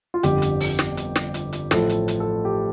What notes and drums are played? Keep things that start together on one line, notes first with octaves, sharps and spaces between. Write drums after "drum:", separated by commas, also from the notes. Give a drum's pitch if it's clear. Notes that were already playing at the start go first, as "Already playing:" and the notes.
F4
G1 F2 D3 G4, drum: hi-hat
drum: hi-hat
drum: open hi-hat
drum: snare
drum: hi-hat
drum: snare
drum: hi-hat
drum: hi-hat
A1 A2 F3 A4, drum: snare
drum: hi-hat
drum: hi-hat
A4
G4